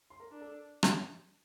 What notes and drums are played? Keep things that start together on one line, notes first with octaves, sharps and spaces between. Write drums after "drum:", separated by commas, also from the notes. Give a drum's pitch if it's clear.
C6
A#4 A#5
D4
A4 A5
drum: rim click